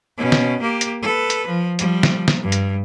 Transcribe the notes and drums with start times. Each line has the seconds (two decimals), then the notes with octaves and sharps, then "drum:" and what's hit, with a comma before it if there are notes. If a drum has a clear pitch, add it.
0.17 B2 C#4
0.32 drum: snare
0.61 A#3 G4
0.81 drum: hi-hat
1.02 A4 B4
1.30 drum: hi-hat
1.47 F3
1.79 F3 G3, drum: hi-hat
2.03 drum: snare
2.28 drum: snare
2.43 G2
2.52 drum: hi-hat